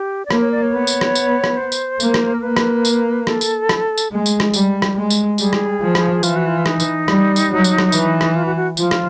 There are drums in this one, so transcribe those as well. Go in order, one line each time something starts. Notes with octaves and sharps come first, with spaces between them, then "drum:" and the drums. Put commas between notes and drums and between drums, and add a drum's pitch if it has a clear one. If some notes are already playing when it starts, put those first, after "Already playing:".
Already playing: G4
D5
A#3 C#5, drum: rim click
C#5
D5
C#5
B3
drum: tambourine
drum: rim click
drum: tambourine
drum: rim click
C5
drum: tambourine
A#3, drum: tambourine
drum: rim click
A#4
A#3 B4
drum: rim click
drum: tambourine
A4, drum: rim click
drum: tambourine
drum: rim click
drum: tambourine
G#3 G#4
drum: tambourine
drum: rim click
G3, drum: tambourine
drum: rim click
G#3
drum: tambourine
G3 G#4, drum: tambourine
drum: rim click
F3
drum: rim click
E3 F4, drum: tambourine
F#4
F4
D#4, drum: rim click
drum: tambourine
G3, drum: rim click
drum: tambourine
F#3
drum: tambourine
drum: rim click
E3, drum: tambourine
drum: rim click
F4
F#4
F#4
F3 F4, drum: tambourine
drum: rim click